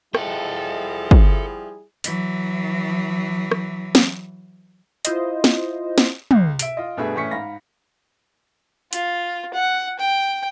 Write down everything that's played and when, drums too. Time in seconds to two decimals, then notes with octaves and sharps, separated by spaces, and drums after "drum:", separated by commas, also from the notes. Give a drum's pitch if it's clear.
0.15 F3 G3 E4 G#4 A4 E5 F#5 G5, drum: rim click
1.11 drum: kick
2.04 E3 F#3, drum: hi-hat
3.51 drum: rim click
3.95 drum: snare
5.05 E4 F4 C5 D#5, drum: hi-hat
5.44 drum: snare
5.98 drum: snare
6.31 C#2, drum: tom
6.59 E5 D7, drum: hi-hat
6.77 F4 D#5
6.97 G2 B2 A3 G#4 B4 E5
7.16 A2 E3 C#4 C#6 B6 C#7
7.31 G#2 F5 B5 A#6
8.93 F4, drum: hi-hat
9.54 F#5
9.99 G5